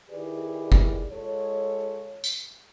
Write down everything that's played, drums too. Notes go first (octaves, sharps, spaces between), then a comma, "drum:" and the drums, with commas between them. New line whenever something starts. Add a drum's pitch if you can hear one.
D#3 E4 G4 G#4 B4 D5
drum: kick
G#3 F4 A4 C#5
drum: tambourine